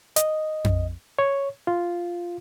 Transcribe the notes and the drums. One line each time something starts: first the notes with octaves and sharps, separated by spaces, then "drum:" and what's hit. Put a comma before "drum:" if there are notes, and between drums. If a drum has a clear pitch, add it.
D#5, drum: hi-hat
drum: tom F2
C#5
F4